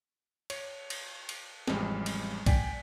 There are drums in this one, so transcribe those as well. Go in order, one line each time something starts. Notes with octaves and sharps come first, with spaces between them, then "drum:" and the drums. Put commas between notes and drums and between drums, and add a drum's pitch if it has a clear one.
C#5, drum: cymbal
drum: cymbal
drum: cymbal
A1 F2 G3 G#3, drum: snare
drum: cymbal
D5 G5 G#5 B6, drum: kick B1, cymbal